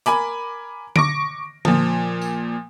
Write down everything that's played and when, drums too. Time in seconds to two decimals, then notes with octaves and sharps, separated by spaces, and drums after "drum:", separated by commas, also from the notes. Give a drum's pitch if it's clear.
0.06 A#4 G#5 B5 D6, drum: hi-hat
0.96 C#6 D6 A#6 D7, drum: tom D3
1.65 A#2 F3, drum: tom D3
2.22 drum: tambourine